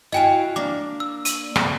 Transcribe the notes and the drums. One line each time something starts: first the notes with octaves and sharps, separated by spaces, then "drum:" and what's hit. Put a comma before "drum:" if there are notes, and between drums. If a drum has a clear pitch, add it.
E4 F#4 D#5 F5 G5 G#5
A#3 D4 D6
E6
D#7 F#7, drum: hi-hat
C3 A#3, drum: rim click